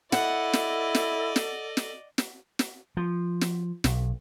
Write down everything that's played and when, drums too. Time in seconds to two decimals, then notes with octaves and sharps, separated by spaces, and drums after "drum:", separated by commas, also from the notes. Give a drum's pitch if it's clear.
0.12 E4 A4 D5 D#5 F#5, drum: snare
0.53 drum: snare
0.95 drum: snare
1.36 drum: snare
1.77 drum: snare
2.18 drum: snare
2.59 drum: snare
2.97 F3
3.41 drum: snare
3.84 B1, drum: snare